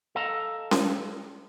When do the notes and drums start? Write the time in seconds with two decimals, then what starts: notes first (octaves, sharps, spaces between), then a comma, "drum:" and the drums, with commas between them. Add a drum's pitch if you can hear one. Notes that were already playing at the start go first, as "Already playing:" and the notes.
0.15 A4 D#5 F5 A5 A#5
0.71 drum: snare C#4